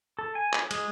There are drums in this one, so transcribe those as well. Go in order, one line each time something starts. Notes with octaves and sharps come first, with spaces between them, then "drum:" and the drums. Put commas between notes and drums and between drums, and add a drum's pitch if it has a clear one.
A4
G#5
drum: clap
G#3, drum: cymbal